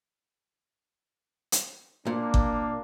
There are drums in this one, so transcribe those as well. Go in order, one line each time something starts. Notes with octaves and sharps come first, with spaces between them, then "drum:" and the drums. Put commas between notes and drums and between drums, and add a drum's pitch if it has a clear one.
drum: hi-hat
A#2 A#3 D4
drum: kick G1